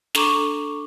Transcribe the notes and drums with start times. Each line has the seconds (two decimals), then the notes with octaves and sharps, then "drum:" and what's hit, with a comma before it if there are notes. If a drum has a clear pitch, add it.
0.15 D4 A4 A#5 C#6 D6, drum: snare